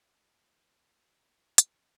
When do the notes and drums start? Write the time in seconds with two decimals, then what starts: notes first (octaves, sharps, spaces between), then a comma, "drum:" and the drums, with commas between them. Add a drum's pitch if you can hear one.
0.19 F3
0.47 E3
0.76 A#2
1.58 drum: hi-hat